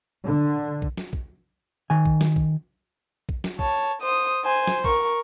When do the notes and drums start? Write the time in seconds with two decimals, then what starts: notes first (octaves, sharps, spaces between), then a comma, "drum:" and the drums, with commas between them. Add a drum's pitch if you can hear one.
0.25 D3
0.82 drum: kick
0.97 drum: snare
1.13 drum: kick
1.90 D#3 G#5
2.05 drum: kick
2.21 drum: snare
2.36 drum: kick
3.29 drum: kick
3.44 drum: snare
3.59 C#5 A5, drum: kick
4.02 C5 D#6
4.44 C5 G#5
4.67 drum: snare
4.84 A#4 C#6, drum: kick